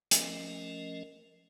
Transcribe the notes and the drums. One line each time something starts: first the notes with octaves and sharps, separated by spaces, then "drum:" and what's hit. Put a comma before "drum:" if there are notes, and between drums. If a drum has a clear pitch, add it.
F3 A3 C#4 A#4 D#5, drum: hi-hat